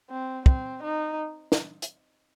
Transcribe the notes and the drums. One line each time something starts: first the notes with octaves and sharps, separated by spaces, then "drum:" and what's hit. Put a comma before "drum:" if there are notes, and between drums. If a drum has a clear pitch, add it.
C4
C4, drum: kick
D#4
drum: snare
drum: hi-hat